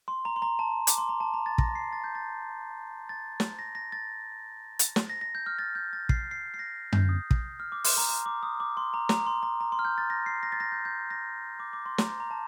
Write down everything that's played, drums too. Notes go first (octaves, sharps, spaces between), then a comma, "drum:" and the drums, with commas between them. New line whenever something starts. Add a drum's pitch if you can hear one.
C6
A#5
C6
A#5
A5
D6, drum: hi-hat
C6
A#5
A5
A#5
A6
A#6, drum: kick
C7
A6
G6
A6
A6
drum: snare
A#6
A#6
A6
drum: hi-hat
drum: snare
A#6
A#6
G6
F6
A6
G6
A6
C7, drum: kick
C7
C7
A#6
G6, drum: tom F#2
D#6
drum: kick
F6
D6
C6, drum: open hi-hat
A#5
C6
D6
D#6
D6
C6
A#5
A#5, drum: snare
C6
A#5
A#5
C6
F6
G6
A6
A#6
C7
A#6
A6
A#6
G6
G6
A#6
D6
D6
C6
A#5, drum: snare
C6
A#5
A5